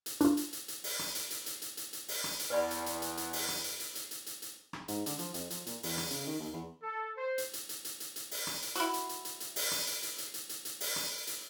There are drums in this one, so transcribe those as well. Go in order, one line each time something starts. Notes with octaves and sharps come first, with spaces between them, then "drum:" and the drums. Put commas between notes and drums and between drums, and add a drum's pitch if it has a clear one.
drum: hi-hat
D4 F4, drum: hi-hat
drum: hi-hat
drum: hi-hat
drum: hi-hat
drum: open hi-hat
drum: rim click
drum: hi-hat
drum: hi-hat
drum: hi-hat
drum: hi-hat
drum: hi-hat
drum: hi-hat
drum: open hi-hat
drum: rim click
drum: hi-hat
E2 B4 D5 B5
drum: hi-hat
drum: hi-hat
drum: hi-hat
drum: hi-hat
drum: open hi-hat
drum: rim click
drum: hi-hat
drum: hi-hat
drum: hi-hat
drum: hi-hat
drum: hi-hat
drum: hi-hat
drum: rim click
G#2, drum: hi-hat
D3, drum: hi-hat
F3, drum: hi-hat
F2, drum: hi-hat
F3, drum: hi-hat
A#2, drum: hi-hat
E2, drum: open hi-hat
drum: rim click
C#3, drum: hi-hat
D#3
D#2
E2
A4
C5
drum: hi-hat
drum: hi-hat
drum: hi-hat
drum: hi-hat
drum: hi-hat
drum: hi-hat
drum: open hi-hat
drum: rim click
drum: hi-hat
E4 F#4, drum: hi-hat
drum: hi-hat
drum: hi-hat
drum: hi-hat
drum: hi-hat
drum: open hi-hat
drum: rim click
drum: hi-hat
drum: hi-hat
drum: hi-hat
drum: hi-hat
drum: hi-hat
drum: hi-hat
drum: open hi-hat
drum: rim click
drum: hi-hat